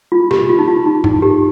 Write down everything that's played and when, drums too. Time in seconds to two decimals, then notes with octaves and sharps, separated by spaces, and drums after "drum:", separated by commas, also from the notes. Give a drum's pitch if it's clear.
0.12 F4
0.31 G4, drum: snare
0.49 F4
0.59 D#4
0.68 F4
0.86 D#4
1.04 D#4, drum: tom G2
1.22 G4